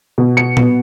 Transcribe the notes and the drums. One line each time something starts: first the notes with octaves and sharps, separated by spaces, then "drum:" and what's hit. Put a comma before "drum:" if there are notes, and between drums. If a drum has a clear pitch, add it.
B2
C#7
B3, drum: tom A#2